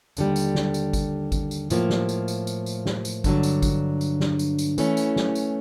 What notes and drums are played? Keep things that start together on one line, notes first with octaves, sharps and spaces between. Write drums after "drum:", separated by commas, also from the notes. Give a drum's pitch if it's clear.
D#2 D3 G3, drum: tambourine
drum: tambourine
drum: snare
drum: tambourine
drum: kick G#1, tambourine
drum: kick G#1, tambourine
drum: tambourine
A2 F3 A#3, drum: tambourine
drum: snare
drum: tambourine
drum: tambourine
drum: tambourine
drum: tambourine
drum: snare
drum: tambourine
G2 D3 F#3, drum: kick G#1, tambourine
drum: tambourine
drum: kick G#1, tambourine
drum: tambourine
drum: snare
drum: tambourine
drum: tambourine
E3 A3 C#4, drum: tambourine
drum: tambourine
drum: snare
drum: tambourine